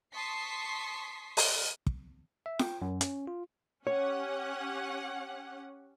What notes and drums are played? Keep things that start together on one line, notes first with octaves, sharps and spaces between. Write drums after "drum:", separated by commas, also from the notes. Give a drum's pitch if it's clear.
A5 C6 C#6 D#6 B6 C7
drum: open hi-hat
drum: kick
E5
G5, drum: snare
F#2
C#4, drum: hi-hat
F4
C#4 G4 C#5 F#5